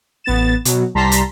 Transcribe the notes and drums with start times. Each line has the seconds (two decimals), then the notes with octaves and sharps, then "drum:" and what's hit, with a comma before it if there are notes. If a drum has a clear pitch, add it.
0.24 A1 B3 A6 E7
0.65 B2 F#3, drum: hi-hat
0.95 C2 G3 A5 A#5 C6 B6
1.12 drum: hi-hat